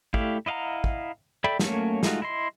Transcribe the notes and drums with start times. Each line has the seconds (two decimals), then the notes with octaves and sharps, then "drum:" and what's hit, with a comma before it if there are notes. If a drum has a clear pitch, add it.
0.14 A3 E4 G4 D5 F5, drum: kick
0.46 E4 D#5 F5 F#5 A#5
0.84 drum: kick
1.44 A4 D5 E5 G5 B5
1.59 F#3 A3 A#3 C#4 C#5, drum: snare
2.03 G#3 A3 D#4 F4 F#4, drum: snare
2.22 E4 D#5 C6